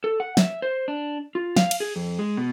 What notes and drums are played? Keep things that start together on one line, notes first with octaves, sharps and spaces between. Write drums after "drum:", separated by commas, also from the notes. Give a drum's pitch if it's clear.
A4
F#5
E5, drum: snare
C5
D4
F4
F5, drum: snare
drum: cymbal
G#4
F2
G#3
B2